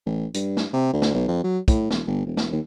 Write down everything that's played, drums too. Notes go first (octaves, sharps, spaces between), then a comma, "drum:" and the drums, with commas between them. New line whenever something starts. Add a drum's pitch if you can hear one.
A1
G2, drum: hi-hat
drum: snare
C3
D2
drum: snare
B1
F2
F#3
A2, drum: kick, hi-hat
E1, drum: snare
G1
E1
drum: snare
D#2